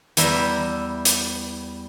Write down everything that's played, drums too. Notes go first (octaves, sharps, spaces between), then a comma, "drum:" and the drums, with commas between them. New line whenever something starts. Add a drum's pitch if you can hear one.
E2 G3 E5 A#5, drum: hi-hat
drum: hi-hat